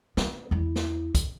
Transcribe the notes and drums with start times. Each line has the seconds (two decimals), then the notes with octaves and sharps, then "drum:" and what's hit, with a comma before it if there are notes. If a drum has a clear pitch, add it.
0.17 B3, drum: snare
0.51 E2 E4
0.76 drum: snare
1.15 drum: kick, hi-hat